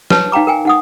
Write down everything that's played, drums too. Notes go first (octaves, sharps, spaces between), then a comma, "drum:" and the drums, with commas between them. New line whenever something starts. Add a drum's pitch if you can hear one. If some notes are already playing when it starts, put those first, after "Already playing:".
B4 C#5 A5, drum: snare
D#4 F5 G5 A#5 D6
A#4 G5 G#5
D#4 F#5 D#6